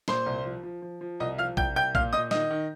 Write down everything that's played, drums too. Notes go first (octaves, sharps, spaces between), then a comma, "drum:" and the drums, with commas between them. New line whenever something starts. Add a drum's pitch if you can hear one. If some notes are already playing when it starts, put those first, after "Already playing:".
A#2 C5 C6, drum: snare
C2
F3
F3
F3
F3
C2 D#5 D#6
F3 F5 F6
C2 G5 G6, drum: kick
C2 G5 G6
A#2 F5 F6, drum: kick
A#2 D#5 D#6
D#3 D#5 D#6, drum: snare
D#3